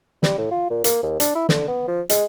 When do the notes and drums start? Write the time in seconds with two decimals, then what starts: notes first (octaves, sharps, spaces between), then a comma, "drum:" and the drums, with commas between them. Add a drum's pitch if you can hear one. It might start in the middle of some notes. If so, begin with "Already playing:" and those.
0.23 G3, drum: snare
0.38 A2
0.51 F4
0.70 A#2
0.84 A#3, drum: hi-hat
1.03 D#2
1.20 D4, drum: hi-hat
1.35 E4
1.49 D3, drum: snare
1.68 B3
1.87 F3
2.09 G#3, drum: hi-hat